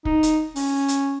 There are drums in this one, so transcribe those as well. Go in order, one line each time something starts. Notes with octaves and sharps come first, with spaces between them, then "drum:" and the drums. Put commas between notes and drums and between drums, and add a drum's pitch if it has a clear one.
D#4, drum: kick
drum: hi-hat
C#4, drum: open hi-hat
drum: hi-hat